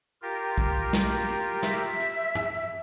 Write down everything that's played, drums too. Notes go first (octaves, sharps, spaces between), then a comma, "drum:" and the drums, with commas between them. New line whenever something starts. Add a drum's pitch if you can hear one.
F4 G4 A#4
drum: kick B1, hi-hat
drum: snare
drum: hi-hat
E5, drum: snare
drum: hi-hat
drum: tom